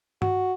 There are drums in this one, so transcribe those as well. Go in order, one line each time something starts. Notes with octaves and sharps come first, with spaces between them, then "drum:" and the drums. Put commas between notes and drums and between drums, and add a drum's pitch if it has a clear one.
F#4, drum: tom G2